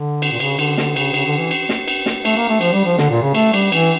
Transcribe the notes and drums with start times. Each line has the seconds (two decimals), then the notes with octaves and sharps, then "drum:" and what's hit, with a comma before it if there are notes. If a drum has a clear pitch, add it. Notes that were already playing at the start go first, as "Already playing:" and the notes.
Already playing: D3
0.22 drum: cymbal
0.32 A#2
0.40 C#3, drum: cymbal
0.59 D3, drum: cymbal
0.78 D3, drum: snare
0.96 C#3, drum: cymbal
1.14 C#3, drum: cymbal
1.26 D3
1.38 E3
1.51 drum: cymbal
1.69 drum: snare
1.88 drum: cymbal
2.06 drum: snare
2.25 A3, drum: cymbal
2.36 A#3
2.49 A3
2.61 F3, drum: cymbal
2.73 G3
2.86 F3
2.98 D3, drum: snare
3.10 A#2
3.22 C#3
3.34 A3, drum: cymbal
3.54 G3, drum: cymbal
3.72 E3, drum: cymbal